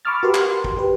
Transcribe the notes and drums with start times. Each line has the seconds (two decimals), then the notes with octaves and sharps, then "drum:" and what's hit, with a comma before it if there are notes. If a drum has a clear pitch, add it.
0.05 B5 C#6 D6 E6 F6 A6
0.23 F#4 G4 A#4 B4 C6
0.35 drum: clap
0.64 drum: kick
0.77 G4 B4